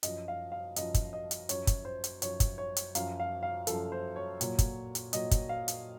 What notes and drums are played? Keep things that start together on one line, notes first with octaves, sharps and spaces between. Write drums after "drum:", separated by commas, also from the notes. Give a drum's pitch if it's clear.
F#2 F3 D#5, drum: hi-hat
F5
F5
F#2 F3 D#5, drum: hi-hat
drum: kick, hi-hat
D#5
drum: hi-hat
F#2 F3 C#5, drum: hi-hat
drum: kick, hi-hat
C5
drum: hi-hat
F#2 F3 C#5, drum: hi-hat
drum: kick, hi-hat
C#5
drum: hi-hat
F#2 F3 F5, drum: hi-hat
F5
F5
F#2 F3 A4, drum: hi-hat
C5
C#5
A#2 F#3, drum: hi-hat
drum: kick, hi-hat
drum: hi-hat
A#2 F#3 D#5, drum: hi-hat
drum: kick, hi-hat
F5
drum: hi-hat